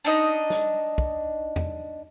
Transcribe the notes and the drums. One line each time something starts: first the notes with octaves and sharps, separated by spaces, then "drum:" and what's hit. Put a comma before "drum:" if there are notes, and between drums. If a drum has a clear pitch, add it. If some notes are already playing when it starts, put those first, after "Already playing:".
D4 D#4 D#5
drum: snare
drum: kick
drum: tom E2